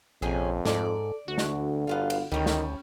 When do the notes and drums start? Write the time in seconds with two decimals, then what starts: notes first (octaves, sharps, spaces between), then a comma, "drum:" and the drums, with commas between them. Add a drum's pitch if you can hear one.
0.22 A#1 F2 C3 C#4 G#4
0.65 G#2 A4 D5, drum: snare
1.28 D2 D3 F#4
1.38 drum: snare
1.87 G1 B3 F4 F5
2.10 drum: cymbal
2.32 D2 D#3 G3 C#4
2.46 drum: snare